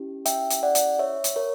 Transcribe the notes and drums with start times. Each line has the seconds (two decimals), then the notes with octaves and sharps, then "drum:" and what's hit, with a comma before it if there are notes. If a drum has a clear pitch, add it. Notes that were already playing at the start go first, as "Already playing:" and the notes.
Already playing: C#4 E4 G4
0.26 E5 G5, drum: hi-hat
0.50 drum: hi-hat
0.63 D5 F#5
0.75 drum: hi-hat
0.99 C#5 E5
1.24 drum: hi-hat
1.36 A#4 C#5